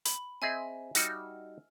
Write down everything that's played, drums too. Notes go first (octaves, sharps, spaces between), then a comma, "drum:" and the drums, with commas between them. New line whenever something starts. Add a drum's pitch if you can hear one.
B5, drum: hi-hat
C4 G#4 D#5 E5 G#5
G3 D#4 F#4 E6 F6, drum: hi-hat